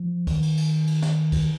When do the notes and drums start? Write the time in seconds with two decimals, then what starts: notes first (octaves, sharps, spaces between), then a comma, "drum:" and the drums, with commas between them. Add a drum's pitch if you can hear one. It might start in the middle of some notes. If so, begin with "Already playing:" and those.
Already playing: F3
0.27 D#3, drum: kick C2, cymbal
0.42 drum: cymbal
0.57 drum: cymbal
0.87 drum: cymbal
1.02 drum: snare
1.32 drum: kick C2, cymbal